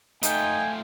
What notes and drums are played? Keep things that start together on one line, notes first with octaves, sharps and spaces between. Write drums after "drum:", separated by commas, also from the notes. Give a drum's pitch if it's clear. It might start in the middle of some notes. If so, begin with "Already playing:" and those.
A3 D#4 F4 G5 G#5, drum: hi-hat